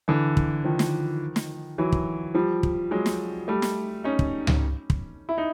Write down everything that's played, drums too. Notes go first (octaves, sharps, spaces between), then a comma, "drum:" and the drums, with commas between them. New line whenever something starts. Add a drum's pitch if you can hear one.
D3 E3
drum: kick
D#3 F3
drum: snare
drum: snare
E3 F#3
drum: kick
F3 G3
drum: kick
F#3 G#3
drum: snare
G3 A3
drum: snare
C#4 D#4
drum: kick
drum: tom C#2
drum: kick
E4
D#4